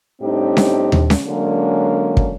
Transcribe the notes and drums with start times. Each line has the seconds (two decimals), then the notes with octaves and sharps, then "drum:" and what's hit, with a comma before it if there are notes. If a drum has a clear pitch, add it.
0.21 A2 G3 C4 D4 D#4 G4
0.57 drum: snare C#4
0.92 drum: tom D#2
1.10 drum: snare C#4
1.27 D3 F#3 G#3 A#3 C#4 D4
2.17 drum: kick